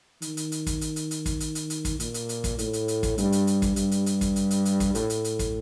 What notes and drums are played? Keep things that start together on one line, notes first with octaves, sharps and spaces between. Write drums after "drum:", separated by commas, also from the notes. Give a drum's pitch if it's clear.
D#3, drum: hi-hat
drum: hi-hat
drum: hi-hat
drum: kick, hi-hat
drum: hi-hat
drum: hi-hat
drum: hi-hat
drum: kick, hi-hat
drum: hi-hat
drum: hi-hat
drum: hi-hat
drum: kick, hi-hat
A#2, drum: hi-hat
drum: hi-hat
drum: hi-hat
drum: kick, hi-hat
A2, drum: hi-hat
drum: hi-hat
drum: hi-hat
drum: kick, hi-hat
G2, drum: hi-hat
drum: hi-hat
drum: hi-hat
drum: kick, hi-hat
G2, drum: hi-hat
drum: hi-hat
drum: hi-hat
drum: kick, hi-hat
drum: hi-hat
drum: hi-hat
drum: hi-hat
drum: kick, hi-hat
A2, drum: hi-hat
drum: hi-hat
drum: hi-hat
drum: kick, hi-hat